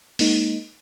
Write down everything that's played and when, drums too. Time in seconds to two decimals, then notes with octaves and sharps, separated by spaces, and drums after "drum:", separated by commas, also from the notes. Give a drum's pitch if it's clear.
0.19 G#3 A#3 D#4, drum: open hi-hat